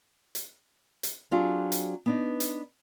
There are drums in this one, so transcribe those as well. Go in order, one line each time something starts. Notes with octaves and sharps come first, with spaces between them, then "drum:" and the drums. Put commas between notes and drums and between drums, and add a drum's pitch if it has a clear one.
drum: hi-hat
drum: hi-hat
F#3 C4 D4 F4 G4 G#4
drum: hi-hat
B3 D4 D#4
drum: hi-hat